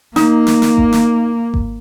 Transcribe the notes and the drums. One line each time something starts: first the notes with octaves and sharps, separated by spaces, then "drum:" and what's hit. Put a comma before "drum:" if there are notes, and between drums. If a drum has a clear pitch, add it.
A#3 D#4, drum: snare
drum: snare
drum: snare
drum: kick G#1
drum: snare
drum: kick G#1